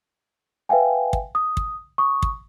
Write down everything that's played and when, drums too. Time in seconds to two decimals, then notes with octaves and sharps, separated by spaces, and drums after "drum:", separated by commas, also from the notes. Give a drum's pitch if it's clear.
0.69 B4 E5 F5 G5 G#5
1.13 drum: kick
1.35 D#6
1.57 drum: kick
1.98 C#6 D#6
2.22 drum: kick